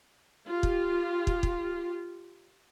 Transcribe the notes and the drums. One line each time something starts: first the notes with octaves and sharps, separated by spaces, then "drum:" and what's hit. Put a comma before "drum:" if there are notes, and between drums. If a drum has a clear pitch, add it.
F4 G4
drum: kick
drum: kick
drum: kick